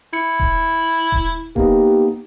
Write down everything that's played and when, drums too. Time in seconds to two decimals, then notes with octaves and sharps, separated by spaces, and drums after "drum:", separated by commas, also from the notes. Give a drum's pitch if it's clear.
0.13 E4 C#7
0.40 drum: kick D#1
1.12 drum: kick D#1
1.56 A#3 B3 D#4 G4, drum: kick D#1